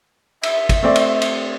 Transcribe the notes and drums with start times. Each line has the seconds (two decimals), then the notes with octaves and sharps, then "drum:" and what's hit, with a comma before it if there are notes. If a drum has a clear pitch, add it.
0.43 E5, drum: cymbal
0.69 drum: kick G#1, cymbal
0.83 A3 C4 D5
0.95 drum: cymbal
1.22 drum: cymbal